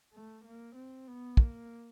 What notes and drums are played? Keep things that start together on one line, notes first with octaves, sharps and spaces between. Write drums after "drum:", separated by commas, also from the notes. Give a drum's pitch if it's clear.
A3
A#3
C4
B3
A#3, drum: kick